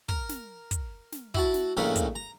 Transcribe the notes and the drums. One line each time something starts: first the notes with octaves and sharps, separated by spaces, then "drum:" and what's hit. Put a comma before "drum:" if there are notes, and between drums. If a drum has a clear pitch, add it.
A#4, drum: kick
drum: snare
drum: kick, hi-hat
drum: snare
E4 F#4 A5, drum: kick
drum: snare
A#1 A2 C#3 A3 A#4 B5
drum: kick, hi-hat
A#5